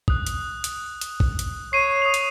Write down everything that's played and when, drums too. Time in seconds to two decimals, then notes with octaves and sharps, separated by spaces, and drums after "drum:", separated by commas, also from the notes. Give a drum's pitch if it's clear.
0.08 D#6 F#6, drum: kick
0.27 drum: hi-hat
0.64 drum: hi-hat
1.01 drum: hi-hat
1.20 drum: kick
1.39 drum: hi-hat
1.73 C#5 C7 D#7
2.02 D#6 F7
2.14 drum: hi-hat